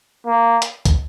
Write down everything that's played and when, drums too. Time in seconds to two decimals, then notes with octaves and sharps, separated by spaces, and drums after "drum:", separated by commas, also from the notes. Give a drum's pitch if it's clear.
0.26 A#3
0.62 drum: hi-hat
0.85 drum: kick, hi-hat